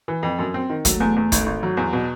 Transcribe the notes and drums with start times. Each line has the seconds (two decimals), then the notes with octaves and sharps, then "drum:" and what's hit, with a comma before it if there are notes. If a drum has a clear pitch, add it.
0.08 E3
0.23 F2
0.39 F#2
0.54 C4
0.70 D#3
0.85 F#3 A3, drum: kick, hi-hat
1.00 E2
1.16 E2
1.32 G#1, drum: kick, hi-hat
1.46 G#1
1.63 F#3
1.77 E2
1.93 B2